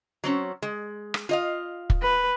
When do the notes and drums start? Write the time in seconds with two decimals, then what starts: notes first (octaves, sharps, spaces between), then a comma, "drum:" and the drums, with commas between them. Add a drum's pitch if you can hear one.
0.24 F#3 C4 C#4
0.62 G#3
1.14 drum: rim click
1.29 F4 D#5 F5
1.90 drum: kick
2.02 B4